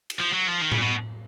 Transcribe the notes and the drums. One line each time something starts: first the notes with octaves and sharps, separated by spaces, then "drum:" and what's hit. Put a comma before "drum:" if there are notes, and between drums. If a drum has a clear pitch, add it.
drum: cymbal
F3
F#3
F3
D#3
C#3, drum: tom A2
A#2
B2